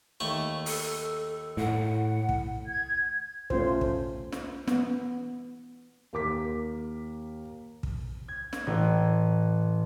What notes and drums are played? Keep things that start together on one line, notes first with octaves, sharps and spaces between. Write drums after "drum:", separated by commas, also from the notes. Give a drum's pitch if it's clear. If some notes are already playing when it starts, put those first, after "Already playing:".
D#2 A3 C#6
A4, drum: open hi-hat
A2 F#5
drum: kick
G#6
A3 C#4 F4 C5, drum: kick
drum: kick
drum: snare
B3, drum: snare
D#2 A#4 D6 B6
drum: kick
G#6
drum: snare
A1